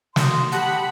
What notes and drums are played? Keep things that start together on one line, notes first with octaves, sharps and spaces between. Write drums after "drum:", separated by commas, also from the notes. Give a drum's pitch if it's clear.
F#4 C6 D#6, drum: snare
G4 F#5 A5 B5